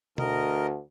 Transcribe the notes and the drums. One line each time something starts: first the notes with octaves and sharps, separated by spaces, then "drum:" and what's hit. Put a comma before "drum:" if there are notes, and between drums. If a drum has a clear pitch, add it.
D2 A#4 D#5, drum: tom B2